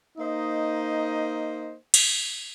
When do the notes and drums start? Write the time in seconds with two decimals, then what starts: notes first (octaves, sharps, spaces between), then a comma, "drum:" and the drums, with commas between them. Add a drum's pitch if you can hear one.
0.18 A#3 D#4 C5 D#5
1.94 drum: cymbal